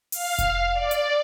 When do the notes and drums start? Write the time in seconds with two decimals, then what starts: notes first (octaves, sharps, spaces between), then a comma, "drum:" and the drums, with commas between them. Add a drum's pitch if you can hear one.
0.12 F5, drum: open hi-hat
0.38 drum: kick F1, hi-hat
0.74 D5
0.91 drum: hi-hat